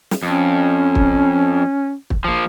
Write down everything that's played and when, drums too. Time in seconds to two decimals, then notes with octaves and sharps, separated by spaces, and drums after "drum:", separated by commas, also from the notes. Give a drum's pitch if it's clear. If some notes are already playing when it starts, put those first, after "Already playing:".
0.11 drum: snare
0.23 F2 C#4
0.95 drum: kick
2.10 drum: kick
2.24 F3 A#3